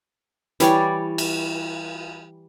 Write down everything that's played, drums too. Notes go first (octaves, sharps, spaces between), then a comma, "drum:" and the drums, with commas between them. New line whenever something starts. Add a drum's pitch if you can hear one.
E3 G3 C#5 D5, drum: hi-hat
drum: cymbal